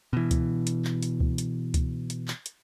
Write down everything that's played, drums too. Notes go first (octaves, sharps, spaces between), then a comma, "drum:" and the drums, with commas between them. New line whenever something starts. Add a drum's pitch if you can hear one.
B2 E3
drum: kick C#2, hi-hat
drum: hi-hat
drum: clap
drum: hi-hat
drum: kick C#2
drum: hi-hat
drum: kick C#2, hi-hat
drum: hi-hat
drum: clap
drum: hi-hat